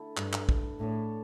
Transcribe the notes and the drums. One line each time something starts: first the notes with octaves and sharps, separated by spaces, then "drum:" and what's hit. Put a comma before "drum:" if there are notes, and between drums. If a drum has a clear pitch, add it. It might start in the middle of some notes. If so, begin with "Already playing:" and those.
Already playing: D3 A3 E4 A4
G2, drum: clap
drum: clap
drum: kick
A2 A3 D4 A4 C#5